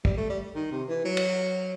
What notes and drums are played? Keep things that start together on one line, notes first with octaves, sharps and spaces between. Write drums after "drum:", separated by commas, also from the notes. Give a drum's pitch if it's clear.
G3, drum: kick
A3
G3
D#3
C3
E3
F#3
drum: cymbal